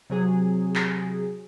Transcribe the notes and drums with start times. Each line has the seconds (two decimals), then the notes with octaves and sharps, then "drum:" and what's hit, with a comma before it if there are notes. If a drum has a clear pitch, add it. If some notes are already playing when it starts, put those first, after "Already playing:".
0.10 C3 F#3 G#4
0.75 drum: clap